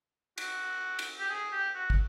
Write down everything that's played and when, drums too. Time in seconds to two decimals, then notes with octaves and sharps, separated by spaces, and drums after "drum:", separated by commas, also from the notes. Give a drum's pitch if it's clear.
0.38 F#4, drum: cymbal
0.99 drum: cymbal
1.19 G4
1.29 G#4
1.52 G4
1.75 F#4
1.90 drum: kick